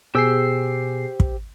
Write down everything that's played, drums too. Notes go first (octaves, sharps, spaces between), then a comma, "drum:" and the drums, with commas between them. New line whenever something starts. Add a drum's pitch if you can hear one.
B2 G4 G#4 C5 E6 C7
drum: kick